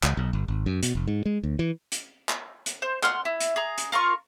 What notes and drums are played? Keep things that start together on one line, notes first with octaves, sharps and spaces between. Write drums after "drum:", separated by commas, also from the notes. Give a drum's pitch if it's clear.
C#2, drum: clap
B1
G1
G#1
F#2
B2, drum: hi-hat
F1
G#2
G#3
D2
E3
drum: hi-hat
drum: clap
drum: hi-hat
C5
F#5 C6 F6, drum: clap
E4
drum: hi-hat
G#4 A#5
drum: hi-hat
F4 A#4 F5 C#6